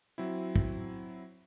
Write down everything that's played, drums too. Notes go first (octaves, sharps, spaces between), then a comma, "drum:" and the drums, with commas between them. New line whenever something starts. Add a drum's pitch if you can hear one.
F#3 C4 E4
drum: kick